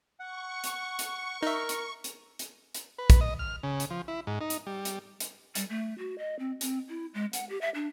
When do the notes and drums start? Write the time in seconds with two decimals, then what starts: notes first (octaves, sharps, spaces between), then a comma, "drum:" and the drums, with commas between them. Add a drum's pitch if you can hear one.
0.20 F#5 C#6
0.64 drum: hi-hat
0.99 drum: hi-hat
1.42 D#4 A#4 E5
1.69 drum: hi-hat
2.04 drum: hi-hat
2.39 drum: hi-hat
2.75 drum: hi-hat
2.98 B4
3.10 drum: kick, hi-hat
3.21 D#5
3.39 F6
3.63 C#3
3.80 drum: hi-hat
3.90 F3
4.08 E4
4.27 G#2
4.41 D#4
4.50 drum: hi-hat
4.67 G3
4.85 drum: hi-hat
5.20 drum: hi-hat
5.55 G3, drum: hi-hat
5.70 A3
5.98 F#4
6.18 D#5
6.39 C4
6.61 C4, drum: hi-hat
6.89 E4
7.14 G#3
7.33 F#5, drum: hi-hat
7.49 G4
7.61 E5
7.75 D4